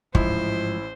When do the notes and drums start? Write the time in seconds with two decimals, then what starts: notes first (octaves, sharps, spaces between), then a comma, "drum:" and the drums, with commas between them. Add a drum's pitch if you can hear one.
0.15 A1 G#2 F3 E4 C5, drum: kick